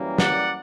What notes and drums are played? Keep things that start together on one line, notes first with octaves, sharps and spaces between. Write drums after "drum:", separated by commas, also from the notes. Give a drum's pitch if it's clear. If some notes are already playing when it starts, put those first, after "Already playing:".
Already playing: F#2 E3 G3 A#3 C#4
D5 F#5, drum: snare